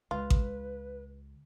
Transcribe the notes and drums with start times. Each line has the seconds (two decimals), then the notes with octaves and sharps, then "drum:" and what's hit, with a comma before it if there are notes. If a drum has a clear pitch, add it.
0.11 C#2 F4 B4
0.30 drum: kick A1